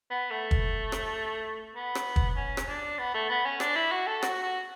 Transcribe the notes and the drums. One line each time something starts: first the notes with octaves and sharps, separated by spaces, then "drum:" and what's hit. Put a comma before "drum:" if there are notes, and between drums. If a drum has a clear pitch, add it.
B3
A3
drum: kick
drum: rim click
B3
drum: rim click
drum: kick
C#4
drum: rim click
D4
B3
A3
B3
C#4
D4, drum: rim click
E4
F#4
A4
F#4, drum: rim click
F#4